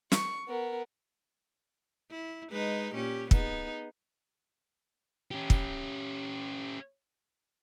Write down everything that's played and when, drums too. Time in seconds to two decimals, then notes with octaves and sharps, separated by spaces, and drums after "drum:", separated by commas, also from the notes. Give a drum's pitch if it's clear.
0.12 C#6, drum: snare
0.48 B3 A#4
2.11 E4
2.52 G#3 D#4 B4
2.95 A#2 C#4 G4
3.31 B3 D#4 G#4, drum: kick
5.31 C#4 G4
5.50 drum: kick